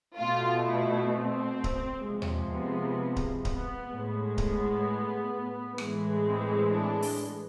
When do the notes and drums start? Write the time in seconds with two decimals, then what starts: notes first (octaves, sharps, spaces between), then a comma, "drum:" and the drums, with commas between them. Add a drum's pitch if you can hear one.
0.17 B2 A3 F4
0.64 E4
1.10 C4
1.64 drum: kick D1
2.05 C3 F3 G#3
2.22 drum: tom D#2
2.51 B3
3.16 drum: kick D1
3.45 B3, drum: kick D1
3.91 A2 G#3
4.38 B3, drum: kick D1
5.78 A2 E3 G#3, drum: rim click
6.26 C4
6.72 D4
7.02 drum: open hi-hat